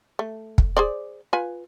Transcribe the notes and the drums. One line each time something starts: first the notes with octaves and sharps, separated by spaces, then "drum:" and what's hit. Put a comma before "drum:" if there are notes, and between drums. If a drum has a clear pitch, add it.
A3
drum: kick
G#4 C5 D5
F4 B4 G#5